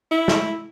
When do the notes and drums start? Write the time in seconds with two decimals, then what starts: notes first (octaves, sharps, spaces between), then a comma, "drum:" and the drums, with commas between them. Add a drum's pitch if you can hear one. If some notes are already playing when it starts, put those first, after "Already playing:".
0.11 E4
0.28 drum: snare